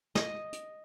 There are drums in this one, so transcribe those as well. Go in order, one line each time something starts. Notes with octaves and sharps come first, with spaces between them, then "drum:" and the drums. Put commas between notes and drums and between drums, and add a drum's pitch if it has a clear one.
D#5, drum: snare
drum: hi-hat